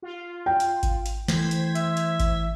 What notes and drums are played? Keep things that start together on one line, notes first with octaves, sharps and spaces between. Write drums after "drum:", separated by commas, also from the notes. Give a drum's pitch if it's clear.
F4
G5
drum: hi-hat
drum: kick G#1, hi-hat
drum: hi-hat
E3 A3 C5 G#6 B6, drum: snare
drum: hi-hat
E5, drum: hi-hat
drum: hi-hat
drum: kick G#1, hi-hat